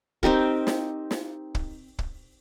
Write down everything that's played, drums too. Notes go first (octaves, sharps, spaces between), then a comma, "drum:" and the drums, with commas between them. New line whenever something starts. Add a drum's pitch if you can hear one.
C4 D#4 G4 A#4, drum: kick
drum: snare
drum: snare
drum: kick
drum: kick